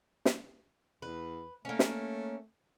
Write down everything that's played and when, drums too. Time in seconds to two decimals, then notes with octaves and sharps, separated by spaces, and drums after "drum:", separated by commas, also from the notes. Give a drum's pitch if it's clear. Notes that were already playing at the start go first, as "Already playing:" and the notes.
0.25 drum: snare
1.02 E2 B4
1.65 A3 A#3 C#4
1.79 drum: snare